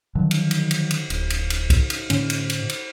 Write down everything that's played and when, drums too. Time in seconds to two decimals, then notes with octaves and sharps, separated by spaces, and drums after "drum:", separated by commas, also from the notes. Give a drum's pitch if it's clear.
0.15 D3 D#3 F3 F#3
0.31 drum: cymbal
0.51 drum: cymbal
0.71 drum: cymbal
0.91 drum: cymbal
1.10 D1, drum: cymbal
1.30 drum: cymbal
1.50 drum: cymbal
1.70 drum: kick C2, cymbal
1.90 drum: cymbal
2.10 A2 D3 C#4, drum: cymbal
2.30 drum: cymbal
2.50 drum: cymbal
2.69 drum: cymbal